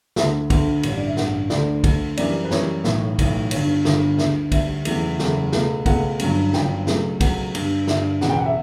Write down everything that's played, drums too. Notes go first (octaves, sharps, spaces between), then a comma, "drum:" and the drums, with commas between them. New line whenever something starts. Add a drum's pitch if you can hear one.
D2 D3 A3 E5, drum: snare
D2 D3 A3, drum: kick, cymbal
A1 G2 D3 G3 C#5, drum: cymbal
D5
E5
A1 G2 D3 G3 F#5, drum: snare
D2 D3 A3 D5, drum: snare
D2 D3 A3, drum: kick, cymbal
F#2 E3 G3 D5, drum: cymbal
B4
F#2 E3 G3 C#5, drum: snare
B1 A2 E3, drum: snare
B1 A2 E3, drum: kick, cymbal
G1 G2 D3 G3 C#5, drum: cymbal
G1 G2 D3 G3 A4, drum: snare
D2 D3 G3 B3 E5, drum: snare
D2 D3 G3 B3 E5, drum: kick, cymbal
F#1 E2 C#3 E3 A3, drum: cymbal
F#1 E2 C#3 E3 A3, drum: snare
C#2 B2 A3, drum: snare
C#2 B2 A3 F#5, drum: kick, cymbal
G1 G2 F#3 C#4, drum: cymbal
G1 G2 F#3 C#4 G5, drum: snare
C#2 B2 F#3 A3 C#4, drum: snare
C#2 B2 F#3 A3 C#4 F#5, drum: kick, cymbal
G2 D3 G3, drum: cymbal
G2 D3 G3 E5, drum: snare
E1 E2 C#3 F#5, drum: snare
G5
F#5
E5